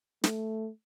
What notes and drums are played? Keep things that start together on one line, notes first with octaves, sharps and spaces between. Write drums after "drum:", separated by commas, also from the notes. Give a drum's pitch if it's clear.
A3, drum: snare